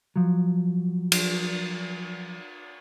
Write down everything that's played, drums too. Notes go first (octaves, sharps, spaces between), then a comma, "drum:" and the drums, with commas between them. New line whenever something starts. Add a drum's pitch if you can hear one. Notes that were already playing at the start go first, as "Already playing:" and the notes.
F3 F#3
drum: cymbal